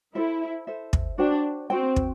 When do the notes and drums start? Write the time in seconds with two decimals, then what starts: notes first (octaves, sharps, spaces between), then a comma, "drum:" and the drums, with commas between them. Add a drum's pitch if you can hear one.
0.15 E4 A4 C5 E5
0.67 A4 C5 E5
0.93 drum: kick
1.18 D4 F#4 C5 G5
1.70 C4 F#4 C5 G5
1.96 drum: kick